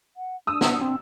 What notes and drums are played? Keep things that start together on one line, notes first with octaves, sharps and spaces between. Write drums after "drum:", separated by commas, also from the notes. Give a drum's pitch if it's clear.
F#5
D4 D#6 E6
drum: snare
C4